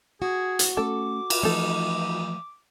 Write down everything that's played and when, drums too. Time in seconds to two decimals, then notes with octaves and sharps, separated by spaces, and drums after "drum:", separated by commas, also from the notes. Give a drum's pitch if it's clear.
0.22 F#4 G#4
0.59 drum: hi-hat
0.77 A3 C#4 A4 D6
1.30 drum: cymbal
1.43 E3 F3 A3 D#4 A4